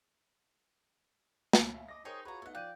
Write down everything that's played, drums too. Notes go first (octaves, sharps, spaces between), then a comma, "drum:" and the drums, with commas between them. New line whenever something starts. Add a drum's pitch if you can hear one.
drum: snare
E5 F5
D#5 D6 A#6
D#4 G#4 A#4 C5 C#5 D#5 G5
F4 F#4 G#4 B4 C#5 A#5
A3 B3 D#4 F#5
F3 D5 F5 G5 F#6 G6 D#7